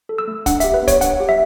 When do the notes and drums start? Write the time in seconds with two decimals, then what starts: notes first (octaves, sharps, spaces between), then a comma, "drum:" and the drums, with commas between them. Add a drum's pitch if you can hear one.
0.09 A4
0.18 E6
0.28 A3
0.46 D4 F#5, drum: kick, hi-hat
0.60 G4 E5, drum: hi-hat
0.74 B4
0.83 B3
0.88 C#5, drum: kick, hi-hat
1.01 D4 F#5, drum: hi-hat
1.20 G4
1.29 E5